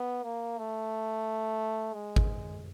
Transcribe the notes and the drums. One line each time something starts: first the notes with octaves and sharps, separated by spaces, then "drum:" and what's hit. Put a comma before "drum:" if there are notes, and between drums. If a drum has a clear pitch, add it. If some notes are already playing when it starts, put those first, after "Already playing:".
Already playing: B3
A#3
A3
G#3
drum: kick G#1